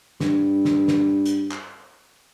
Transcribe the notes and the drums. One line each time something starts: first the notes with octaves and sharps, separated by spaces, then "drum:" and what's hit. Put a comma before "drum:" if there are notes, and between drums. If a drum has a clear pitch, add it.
G2, drum: snare
drum: snare
drum: snare
drum: hi-hat
drum: clap